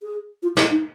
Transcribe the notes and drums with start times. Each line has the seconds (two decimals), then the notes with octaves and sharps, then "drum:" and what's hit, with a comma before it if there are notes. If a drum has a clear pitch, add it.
0.02 G#4
0.43 F4
0.57 E4, drum: snare
0.70 D#4